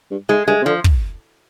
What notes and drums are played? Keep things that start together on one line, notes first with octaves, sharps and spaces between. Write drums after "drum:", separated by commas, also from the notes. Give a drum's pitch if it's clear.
G2
G#2 G#3
G2 G#3
C3
D3 F3
drum: kick